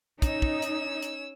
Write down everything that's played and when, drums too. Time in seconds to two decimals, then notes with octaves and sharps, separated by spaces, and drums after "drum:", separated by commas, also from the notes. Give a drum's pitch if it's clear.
0.22 C#4 D#4 E6, drum: kick, hi-hat
0.42 drum: kick
0.62 drum: hi-hat
1.02 drum: hi-hat